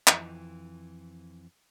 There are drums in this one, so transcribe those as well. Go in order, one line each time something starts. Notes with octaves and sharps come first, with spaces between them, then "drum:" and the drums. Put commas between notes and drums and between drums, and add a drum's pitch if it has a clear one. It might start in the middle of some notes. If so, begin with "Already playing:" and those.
F2 E3, drum: clap